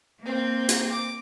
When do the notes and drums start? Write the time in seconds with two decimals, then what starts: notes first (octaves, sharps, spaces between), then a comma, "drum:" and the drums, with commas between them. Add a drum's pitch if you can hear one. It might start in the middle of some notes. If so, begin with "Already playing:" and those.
0.21 A#3 C4
0.69 drum: hi-hat
0.91 D6